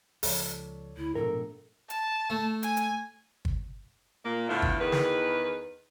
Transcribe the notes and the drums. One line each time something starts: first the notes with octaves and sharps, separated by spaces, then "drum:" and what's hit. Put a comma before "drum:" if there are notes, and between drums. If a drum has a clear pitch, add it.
C#2 F3 A4 C#5 D5, drum: open hi-hat
D2 E4
A#1 G#2 B2 A3 A4 A#4
A5, drum: hi-hat
A3
G#5, drum: hi-hat
drum: hi-hat
drum: kick
A#2 A#3
A2 D3 A3 B3 E4 F4
drum: kick
E2 D#3 B4
drum: snare